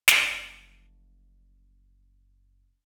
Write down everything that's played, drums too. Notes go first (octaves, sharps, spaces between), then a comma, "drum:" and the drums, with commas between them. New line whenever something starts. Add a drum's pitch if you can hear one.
F#1 F3, drum: snare